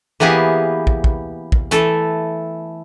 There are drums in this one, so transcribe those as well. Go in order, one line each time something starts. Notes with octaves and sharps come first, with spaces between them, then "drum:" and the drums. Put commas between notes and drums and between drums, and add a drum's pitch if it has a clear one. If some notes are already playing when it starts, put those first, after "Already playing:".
E3 A#3 B3 G4 G#4
drum: kick
drum: kick
drum: kick
E3 A3 A4, drum: hi-hat